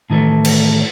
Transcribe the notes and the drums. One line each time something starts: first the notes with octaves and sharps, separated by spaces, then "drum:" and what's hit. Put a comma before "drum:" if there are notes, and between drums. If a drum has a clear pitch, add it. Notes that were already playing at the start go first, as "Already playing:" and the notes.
A2 D#3 E3 G3 A3
drum: cymbal